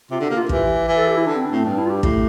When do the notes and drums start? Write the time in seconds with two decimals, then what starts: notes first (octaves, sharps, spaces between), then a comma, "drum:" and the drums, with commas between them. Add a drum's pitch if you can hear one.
0.11 C3 F4
0.20 D3 G4
0.30 A#3
0.37 F4
0.49 E3 G4, drum: kick
0.88 E3
0.97 A4
1.07 G4
1.17 E4
1.27 D3 D4
1.35 C4
1.46 D4
1.51 A2 C4
1.65 G2 D4
1.78 E4
1.86 F4
1.90 G4
2.03 A2, drum: kick